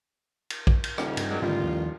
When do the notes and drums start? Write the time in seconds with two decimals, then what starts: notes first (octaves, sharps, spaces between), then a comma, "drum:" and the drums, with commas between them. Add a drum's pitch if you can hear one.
0.50 drum: cymbal
0.67 drum: kick A#1
0.84 drum: cymbal
0.98 D#1 A2 C#3 C#4, drum: rim click
1.17 G2, drum: cymbal
1.30 F#3 G#3 D5
1.42 A1 G#2 D3 D#3 G3 E4 F4
1.63 D#2 F3